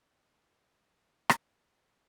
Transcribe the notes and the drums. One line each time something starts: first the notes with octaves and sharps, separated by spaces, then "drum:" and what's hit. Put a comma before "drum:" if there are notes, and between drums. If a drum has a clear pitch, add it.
A4 F#5
drum: rim click
E3 F3 G3 A3 C4